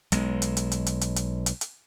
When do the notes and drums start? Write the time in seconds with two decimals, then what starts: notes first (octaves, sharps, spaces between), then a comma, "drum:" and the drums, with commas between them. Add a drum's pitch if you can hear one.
0.12 B1 G#3, drum: hi-hat
0.42 drum: hi-hat
0.57 drum: hi-hat
0.72 drum: hi-hat
0.86 drum: hi-hat
1.01 drum: hi-hat
1.16 drum: hi-hat
1.46 drum: hi-hat
1.61 drum: hi-hat